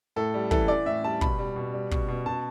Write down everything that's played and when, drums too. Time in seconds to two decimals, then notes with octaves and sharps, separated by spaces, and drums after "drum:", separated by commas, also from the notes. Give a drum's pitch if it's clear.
0.16 A2 A4
0.34 G3
0.51 E3 A4, drum: kick
0.68 E3 D5
0.86 A2 E5
1.04 G3 A5
1.21 B2 B5, drum: kick
1.39 G3
1.56 B2
1.73 G3
1.91 B2, drum: kick
2.08 B2
2.26 B2 A5